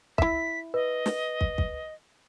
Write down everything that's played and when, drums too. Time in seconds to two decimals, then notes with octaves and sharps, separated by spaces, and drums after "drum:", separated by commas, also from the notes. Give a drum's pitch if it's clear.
0.18 E4 E5 B6, drum: kick
0.74 B4 D#5
1.06 drum: snare
1.41 drum: kick
1.58 drum: kick